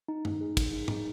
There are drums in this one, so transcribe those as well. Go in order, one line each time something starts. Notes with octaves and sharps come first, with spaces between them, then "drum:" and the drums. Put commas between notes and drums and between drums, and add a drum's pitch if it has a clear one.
D#4
D#4, drum: tom
G#4
G#4, drum: kick, cymbal
D#4
D#4, drum: tom G#2